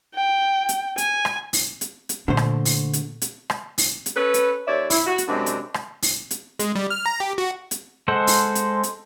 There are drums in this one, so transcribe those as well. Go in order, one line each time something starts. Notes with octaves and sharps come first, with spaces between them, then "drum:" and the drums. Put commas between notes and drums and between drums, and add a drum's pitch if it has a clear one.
G5
drum: hi-hat
G#5, drum: hi-hat
drum: rim click
drum: open hi-hat
drum: hi-hat
drum: hi-hat
A#2 D3 A3 C5
drum: rim click
drum: open hi-hat
drum: hi-hat
drum: hi-hat
drum: rim click
drum: open hi-hat
drum: hi-hat
C#4 A4 B4
drum: hi-hat
D#2 C#5 D5 E5
E4, drum: open hi-hat
F#4
drum: hi-hat
F#2 C3 G#3 D4
drum: hi-hat
drum: rim click
drum: open hi-hat
drum: hi-hat
G#3, drum: hi-hat
G3
F6
A#5
G4
F#4
drum: hi-hat
G#3 A4 C5 F#5
drum: open hi-hat
drum: hi-hat
drum: hi-hat